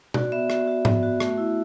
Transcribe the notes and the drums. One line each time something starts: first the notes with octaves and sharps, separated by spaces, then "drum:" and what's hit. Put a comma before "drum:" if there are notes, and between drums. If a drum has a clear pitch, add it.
F#4 D5, drum: tom B2
B3 E5
F#4 E5, drum: rim click
F#4
B3, drum: tom G#2
F#4
A3, drum: rim click
E4